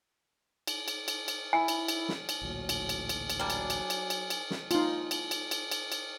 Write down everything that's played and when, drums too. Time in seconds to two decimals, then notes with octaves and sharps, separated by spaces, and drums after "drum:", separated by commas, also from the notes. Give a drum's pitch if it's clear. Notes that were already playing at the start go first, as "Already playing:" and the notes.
0.67 drum: cymbal
0.88 drum: cymbal
1.08 drum: cymbal
1.28 drum: cymbal
1.53 E4 G#5
1.68 drum: cymbal
1.88 drum: cymbal
2.09 drum: snare
2.29 drum: cymbal
2.42 A1 D2 A#2 F#3
2.69 drum: cymbal
2.89 drum: cymbal
3.09 drum: cymbal
3.30 drum: cymbal
3.39 F#3 G3 A#3 D4 G#5
3.50 drum: cymbal
3.70 drum: cymbal
3.90 drum: cymbal
4.10 drum: cymbal
4.30 drum: cymbal
4.51 drum: snare
4.71 D#4 F4, drum: cymbal
5.11 drum: cymbal
5.31 drum: cymbal
5.51 drum: cymbal
5.71 drum: cymbal
5.92 drum: cymbal